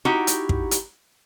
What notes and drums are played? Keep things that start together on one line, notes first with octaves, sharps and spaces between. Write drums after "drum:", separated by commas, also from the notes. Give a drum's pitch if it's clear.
D#4 E4 F#4 G4
drum: hi-hat
drum: kick
drum: hi-hat